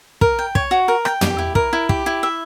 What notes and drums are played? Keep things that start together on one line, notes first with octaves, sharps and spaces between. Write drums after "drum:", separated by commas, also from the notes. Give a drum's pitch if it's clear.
A#4, drum: kick
G5
C#5, drum: kick
F#4
A#4
G5, drum: rim click
G4, drum: tom
E4
A#4, drum: kick
E4
G4, drum: kick
E4
E5